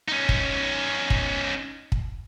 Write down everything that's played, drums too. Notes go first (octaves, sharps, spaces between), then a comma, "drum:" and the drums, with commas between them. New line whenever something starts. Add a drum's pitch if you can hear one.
C#4 D#4
drum: kick
drum: kick
drum: kick